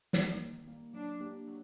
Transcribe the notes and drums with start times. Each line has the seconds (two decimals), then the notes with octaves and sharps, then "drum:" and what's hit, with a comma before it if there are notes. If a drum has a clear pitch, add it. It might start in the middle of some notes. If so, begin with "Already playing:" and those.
0.13 G3 A#3, drum: snare
0.40 D#3
0.67 G3 A#3
0.94 F#3 D4
1.21 A#3 D4 G4
1.47 F#3